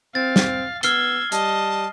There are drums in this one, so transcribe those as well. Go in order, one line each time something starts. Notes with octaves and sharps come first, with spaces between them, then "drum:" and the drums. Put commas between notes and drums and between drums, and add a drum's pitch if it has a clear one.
C4 F5 A6
drum: snare
B3 E6 F6 G#6 C7 G7, drum: hi-hat
G3 D#5 A5, drum: hi-hat